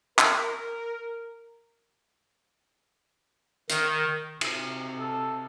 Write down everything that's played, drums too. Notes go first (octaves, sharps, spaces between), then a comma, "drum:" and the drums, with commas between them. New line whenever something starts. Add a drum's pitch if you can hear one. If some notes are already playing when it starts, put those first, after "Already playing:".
A#4, drum: clap
D#3, drum: hi-hat
C3, drum: cymbal
A4